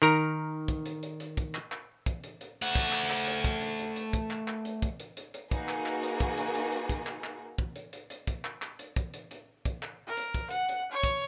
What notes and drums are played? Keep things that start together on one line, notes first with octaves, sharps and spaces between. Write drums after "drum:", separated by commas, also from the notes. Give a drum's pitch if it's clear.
D#3 A#4 A#5
drum: kick, hi-hat
drum: hi-hat
drum: hi-hat
drum: hi-hat
drum: kick, hi-hat
drum: clap
drum: clap
drum: kick, hi-hat
drum: hi-hat
drum: hi-hat
A3 F#5
drum: kick, hi-hat
drum: clap
drum: clap
drum: hi-hat
drum: kick, hi-hat
drum: hi-hat
drum: hi-hat
drum: hi-hat
drum: kick, hi-hat
drum: clap
drum: clap
drum: hi-hat
drum: kick, hi-hat
drum: hi-hat
drum: hi-hat
drum: hi-hat
A#3 D#4 F#4 G#4 A#4 B4, drum: kick, hi-hat
drum: clap
drum: clap
drum: hi-hat
drum: kick, hi-hat
drum: hi-hat
drum: hi-hat
drum: hi-hat
drum: kick, hi-hat
drum: clap
drum: clap
drum: kick
drum: hi-hat
drum: hi-hat
drum: hi-hat
drum: kick, hi-hat
drum: clap
drum: clap
drum: hi-hat
drum: kick, hi-hat
drum: hi-hat
drum: hi-hat
drum: kick, hi-hat
drum: clap
A#4
drum: hi-hat
drum: kick, hi-hat
F#5, drum: hi-hat
drum: hi-hat
C#5
drum: kick, hi-hat